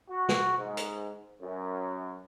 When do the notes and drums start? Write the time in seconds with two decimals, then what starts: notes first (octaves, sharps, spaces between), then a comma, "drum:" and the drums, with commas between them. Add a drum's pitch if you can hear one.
0.10 F#4
0.29 drum: snare
0.57 G#2
0.77 drum: hi-hat
1.40 F#2